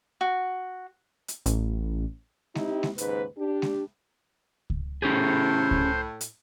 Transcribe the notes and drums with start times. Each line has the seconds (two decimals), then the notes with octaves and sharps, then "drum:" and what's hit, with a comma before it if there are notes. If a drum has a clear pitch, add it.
0.21 F#4
1.28 drum: hi-hat
1.46 A1, drum: hi-hat
2.55 C4 D#4 E4 G4, drum: snare G#3
2.83 drum: snare G#3
2.98 D#2 G#2 C#3 B4, drum: hi-hat
3.38 D4 G4
3.62 drum: snare G#3
4.70 drum: kick C#2
5.02 A2 C#4 G4 G#4 C5
5.71 drum: kick C#2
6.21 drum: hi-hat